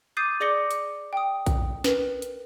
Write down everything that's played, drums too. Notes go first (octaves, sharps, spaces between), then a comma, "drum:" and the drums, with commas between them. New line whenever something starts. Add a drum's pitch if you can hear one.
D6 D#6 G6 A6 C7 D#7
G#4 D5 D6 A#6 C#7 G7
drum: hi-hat
G5 D#6
drum: kick A#1, hi-hat
A#4 B4, drum: snare
drum: hi-hat